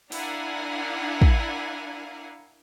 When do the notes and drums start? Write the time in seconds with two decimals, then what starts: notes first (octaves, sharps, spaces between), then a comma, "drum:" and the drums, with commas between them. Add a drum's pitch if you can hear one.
0.12 D4 E4 A#4 F5 F#5 G#5, drum: open hi-hat
1.22 drum: kick